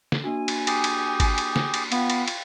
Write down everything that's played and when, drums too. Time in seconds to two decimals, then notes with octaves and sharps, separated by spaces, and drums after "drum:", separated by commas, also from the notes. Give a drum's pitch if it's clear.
0.12 drum: snare
0.24 A#3 D4 F#4 G#5
0.48 drum: cymbal
0.67 G4 G#4, drum: cymbal
0.84 drum: cymbal
1.20 drum: kick G1, cymbal
1.38 drum: cymbal
1.56 drum: snare
1.74 drum: cymbal
1.92 B3 F4 F5 G5, drum: cymbal
2.10 drum: cymbal
2.28 drum: cymbal